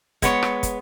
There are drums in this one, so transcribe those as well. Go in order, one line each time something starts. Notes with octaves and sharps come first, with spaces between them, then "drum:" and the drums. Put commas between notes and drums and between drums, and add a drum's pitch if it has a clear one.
G#3 B3 C#5, drum: kick, hi-hat
drum: rim click
drum: kick, hi-hat